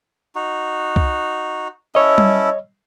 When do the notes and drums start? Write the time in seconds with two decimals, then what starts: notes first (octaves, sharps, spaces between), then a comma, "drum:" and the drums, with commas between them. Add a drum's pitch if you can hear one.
0.35 D#4 F#4
0.96 drum: kick C2
1.95 C#4 E4 A4 C#5 D#5
2.18 drum: tom G3